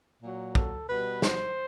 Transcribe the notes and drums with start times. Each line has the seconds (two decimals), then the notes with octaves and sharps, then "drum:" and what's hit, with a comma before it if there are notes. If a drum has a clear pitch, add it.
0.22 A#2 F#3
0.55 A4, drum: kick
0.89 B2 G3 B4
1.22 C5, drum: snare